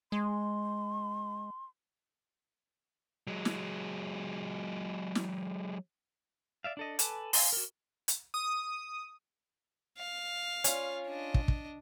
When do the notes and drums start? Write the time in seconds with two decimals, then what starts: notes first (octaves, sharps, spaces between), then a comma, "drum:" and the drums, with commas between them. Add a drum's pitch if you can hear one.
0.12 G#3 C6
3.27 F#3 G#3
3.45 drum: snare
5.15 drum: snare
6.64 D5 E5 F5
6.77 D4 A4 D#5
6.99 A4 B4 G#5 A5 D6, drum: hi-hat
7.33 F5 G#5 A#5 C6, drum: open hi-hat
7.53 F#4 A#4
8.08 drum: hi-hat
8.34 D#6
9.98 F5
10.64 C#4 F4, drum: hi-hat
11.08 D4 D#5
11.34 drum: kick
11.48 drum: kick